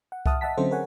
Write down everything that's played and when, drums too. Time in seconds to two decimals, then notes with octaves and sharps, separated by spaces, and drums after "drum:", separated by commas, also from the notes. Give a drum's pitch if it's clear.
0.12 F#5
0.26 E5 F#5 A5 D#6 F6, drum: kick C2
0.41 D#5 E5 F#5 A5 B6
0.57 D3 F#3 C4 C#4 A4 C5
0.70 G#4 A#4 C#5 F#5 G#5